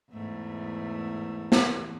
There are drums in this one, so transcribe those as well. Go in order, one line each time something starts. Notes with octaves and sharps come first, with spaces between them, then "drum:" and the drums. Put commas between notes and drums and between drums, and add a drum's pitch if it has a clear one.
E2 G#2 A3
drum: snare